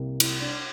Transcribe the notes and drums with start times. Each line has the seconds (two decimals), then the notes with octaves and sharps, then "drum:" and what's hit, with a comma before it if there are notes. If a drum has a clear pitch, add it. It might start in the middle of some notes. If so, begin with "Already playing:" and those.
Already playing: C2 C3 G3 A#3
0.20 E4, drum: cymbal
0.40 D4